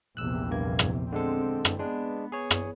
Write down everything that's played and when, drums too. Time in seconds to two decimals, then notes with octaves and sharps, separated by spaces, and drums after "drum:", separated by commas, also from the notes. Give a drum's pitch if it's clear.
0.17 A#1 E2 C3 E6 F#6
0.50 G2 A#3 G#6
0.79 drum: rim click
1.12 D3 G#3 C4 A4
1.65 drum: rim click
1.79 G#3 B3 D4
2.32 G#4 C#5
2.50 drum: rim click